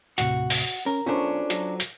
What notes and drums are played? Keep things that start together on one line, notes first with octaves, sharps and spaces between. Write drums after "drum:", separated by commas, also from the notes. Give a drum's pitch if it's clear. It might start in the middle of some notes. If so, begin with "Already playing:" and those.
D#2 A2 C3 F#4 F#5, drum: hi-hat
drum: open hi-hat
C#4 A#4
B1 C#4 D4 F4 A4 C5
F#3 F#4, drum: hi-hat
drum: hi-hat